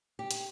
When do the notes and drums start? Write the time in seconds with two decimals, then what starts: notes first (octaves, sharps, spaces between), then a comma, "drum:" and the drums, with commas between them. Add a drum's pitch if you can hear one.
0.19 G4
0.31 drum: hi-hat